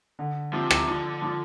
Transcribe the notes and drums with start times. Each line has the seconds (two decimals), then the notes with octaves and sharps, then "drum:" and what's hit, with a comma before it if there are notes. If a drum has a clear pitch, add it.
0.19 D3
0.53 C3 F3
0.71 drum: rim click
0.87 D3 F3
1.22 F3